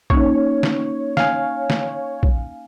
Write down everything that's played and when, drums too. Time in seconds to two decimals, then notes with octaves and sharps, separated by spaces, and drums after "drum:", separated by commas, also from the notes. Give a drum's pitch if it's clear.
0.10 A#3 C#4 D#4 C#5, drum: kick
0.63 drum: snare
1.17 F5 G#5, drum: snare
1.70 drum: snare
2.23 drum: kick